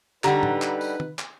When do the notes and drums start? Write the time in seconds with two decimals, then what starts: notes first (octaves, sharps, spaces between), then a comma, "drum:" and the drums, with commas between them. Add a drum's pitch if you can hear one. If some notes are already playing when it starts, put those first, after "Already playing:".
0.24 D3 G3 D#4 G4 B4 F#5 A#5, drum: clap
0.43 drum: tom A2
0.62 drum: clap
0.81 drum: tambourine
1.00 drum: tom
1.19 drum: clap